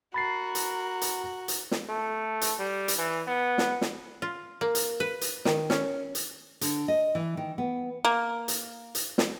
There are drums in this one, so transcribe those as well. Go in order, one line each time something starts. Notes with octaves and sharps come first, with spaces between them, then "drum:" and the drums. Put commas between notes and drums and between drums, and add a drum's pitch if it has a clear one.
F#4 A#4 B5 A6 C7
drum: hi-hat
drum: hi-hat
drum: hi-hat
drum: snare
A3
drum: hi-hat
G3
drum: hi-hat
E3
B3
drum: snare
drum: snare
F4
A#3
drum: hi-hat
B4
drum: hi-hat
D#3, drum: snare
C#4, drum: snare
drum: hi-hat
D3, drum: hi-hat
D#5
E3
D#3
B3
A#3
drum: hi-hat
drum: hi-hat
drum: snare